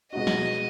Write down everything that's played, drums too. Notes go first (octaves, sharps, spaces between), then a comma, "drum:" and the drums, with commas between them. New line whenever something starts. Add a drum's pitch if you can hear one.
B2 G#3 D#4 F#4 D#5
drum: snare